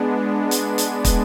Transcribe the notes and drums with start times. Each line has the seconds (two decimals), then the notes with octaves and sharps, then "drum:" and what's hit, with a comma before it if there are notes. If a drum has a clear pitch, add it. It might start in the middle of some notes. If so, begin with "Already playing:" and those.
Already playing: G#3 B3 D4
0.51 drum: hi-hat
0.78 drum: hi-hat
1.05 drum: kick, hi-hat